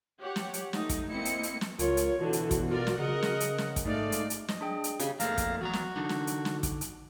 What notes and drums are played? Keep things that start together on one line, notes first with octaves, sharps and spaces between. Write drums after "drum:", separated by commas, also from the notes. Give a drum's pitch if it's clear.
G4 C#5 F#5
drum: snare
drum: hi-hat
A3 D#4, drum: snare
drum: kick, hi-hat
A#3 C4 E4 D#5 C#7
drum: hi-hat
drum: hi-hat
drum: snare
C#2 F4 A#4 C#5, drum: hi-hat
drum: hi-hat
B2 D3 E3 F#4
drum: hi-hat
drum: kick, hi-hat
F4 A#4 D5
drum: snare
C#3 G#4 A#4 D#5 F#5
drum: snare
drum: hi-hat
drum: snare
drum: kick, hi-hat
G#2 G#3 A3 D#4 D5 F5
drum: hi-hat
drum: hi-hat
D#5, drum: snare
D4 G#4 G5
drum: hi-hat
C#3 G3, drum: hi-hat
F2 A3 A#3 F5 A#5, drum: hi-hat
drum: kick, hi-hat
E2 F#3 F#4 A#5
drum: snare
D3 D4 D#4
drum: snare
drum: hi-hat
drum: snare
drum: kick, hi-hat
drum: hi-hat